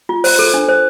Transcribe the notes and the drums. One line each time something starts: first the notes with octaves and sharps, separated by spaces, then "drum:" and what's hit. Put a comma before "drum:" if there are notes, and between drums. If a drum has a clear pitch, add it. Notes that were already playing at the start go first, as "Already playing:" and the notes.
F4
C5, drum: open hi-hat
A4
D4
C5